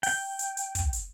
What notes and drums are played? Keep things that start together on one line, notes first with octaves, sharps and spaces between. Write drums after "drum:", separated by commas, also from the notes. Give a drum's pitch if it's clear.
G5, drum: open hi-hat
drum: hi-hat
drum: hi-hat
drum: kick, hi-hat
drum: hi-hat